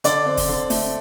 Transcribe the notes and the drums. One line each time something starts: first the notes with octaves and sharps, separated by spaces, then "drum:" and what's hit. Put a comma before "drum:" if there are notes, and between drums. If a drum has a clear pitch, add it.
D3 D5, drum: hi-hat
C4
drum: kick, open hi-hat
D3
A3, drum: open hi-hat